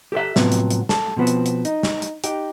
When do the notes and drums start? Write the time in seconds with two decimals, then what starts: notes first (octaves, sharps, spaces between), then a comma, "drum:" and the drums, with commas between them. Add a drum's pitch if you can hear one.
0.12 G4 A4 C#5 E5
0.36 A2 C3 F3 F#3 B3, drum: snare
0.52 drum: hi-hat
0.71 drum: hi-hat
0.89 A4, drum: snare
1.17 B2 F3 B3 C4
1.27 drum: hi-hat
1.46 drum: hi-hat
1.65 D#4, drum: hi-hat
1.83 drum: snare
2.02 drum: hi-hat
2.24 D#4 G4, drum: hi-hat